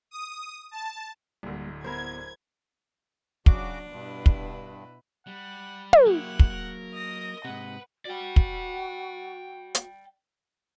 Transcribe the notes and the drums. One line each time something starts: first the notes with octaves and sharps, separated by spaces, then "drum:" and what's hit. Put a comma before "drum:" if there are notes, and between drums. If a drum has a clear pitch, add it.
D#6
A5
D1 D2 G3 A#3
B3 E4 A#4 C5 G#6
C#3 F#3 D4 F#4 D6, drum: kick
G2 B2 E4 B4
drum: kick
G3 F#5
drum: tom
F#3 A#3 E4 G4 F#5
drum: kick
A#4
D#5 D#6 A#6
G#2 C3 B4 F#5
F#4 D5 G5
drum: kick
drum: hi-hat